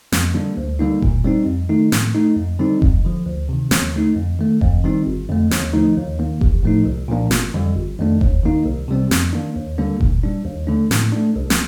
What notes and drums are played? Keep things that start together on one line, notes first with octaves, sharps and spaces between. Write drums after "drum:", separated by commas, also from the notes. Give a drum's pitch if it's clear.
F2, drum: snare
D3 G3 A#3 D4
D2
D3 G3 A#3 D#4
A#2, drum: kick F1
G3 C4 D#4
F2
D#3 A3 D#4
A2, drum: snare
A3 D#4
F2
D3 G3 C4 D#4
F2, drum: kick F1
D3 F3
D2
C3 D#3
D#2, drum: snare
D3 A3 D#4
F2
D#3 A3
F2, drum: kick F1
D#3 G3 C4 D#4
G1
F2 D3 A3
D#2, drum: snare
D3 F3 A3 D#4
D#2
D#3 A#3
A1, drum: kick F1
A2 F3 A3 D#4
C2
A#2 F3 A#3 D4
G1, drum: snare
F2 D3 G3
G1
F2 D#3 A3 D4
D#2, drum: kick F1
D#3 A#3 D#4
C2
C3 G3 C4
F2, drum: snare
D#3 A#3 D4
D#2
D3 G3 A#3 D4
A#2, drum: kick F1
G3 D4
D#2
D3 A3 D4
A2, drum: snare
A3 D4
C2
drum: snare